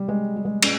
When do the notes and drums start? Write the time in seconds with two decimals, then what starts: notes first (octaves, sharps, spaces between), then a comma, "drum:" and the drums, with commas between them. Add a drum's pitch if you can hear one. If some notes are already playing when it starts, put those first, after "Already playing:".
Already playing: C3 G3
0.09 G#3
0.36 G3
0.45 G#3
0.63 A2 C#4, drum: cymbal